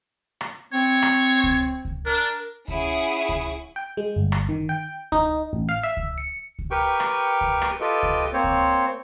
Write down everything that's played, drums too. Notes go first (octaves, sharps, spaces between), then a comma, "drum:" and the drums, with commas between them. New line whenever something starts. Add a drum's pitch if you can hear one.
drum: rim click
C4 C#5
drum: rim click
drum: kick C#2
drum: kick C#2
D4 A#4
C#4 E4 G#4 F#5 C#6 D#6, drum: kick C#2
drum: kick C#2
G5
G#3
G1
drum: rim click
D#3
G5
D#4, drum: kick C#2
A1
F5
E5
drum: kick C#2
C#7
drum: kick C#2
G4 A#4 B4 G5 C#6
drum: rim click
drum: kick C#2
drum: rim click
F4 G4 A4 B4 D#5 G5
drum: kick C#2
A#3 C4 C5 C#5
drum: kick C#2